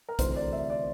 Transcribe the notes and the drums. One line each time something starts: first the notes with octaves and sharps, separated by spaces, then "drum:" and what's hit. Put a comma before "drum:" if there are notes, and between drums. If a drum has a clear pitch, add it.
A#4
D2 C3 E3 A3 C5, drum: kick, hi-hat
D5
E5
D5